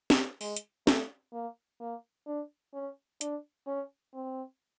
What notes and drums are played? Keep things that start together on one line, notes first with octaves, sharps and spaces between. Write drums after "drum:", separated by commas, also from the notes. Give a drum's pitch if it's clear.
drum: snare
G#3, drum: open hi-hat
drum: hi-hat
A3, drum: snare
A#3
A#3
D4
C#4
D4, drum: hi-hat
C#4
C4